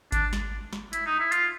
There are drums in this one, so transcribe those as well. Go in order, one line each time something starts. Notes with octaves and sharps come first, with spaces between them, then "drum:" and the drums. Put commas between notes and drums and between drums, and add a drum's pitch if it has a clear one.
D4, drum: kick G#1, hi-hat
drum: snare
drum: snare
E4, drum: hi-hat
D#4
E4
F4, drum: hi-hat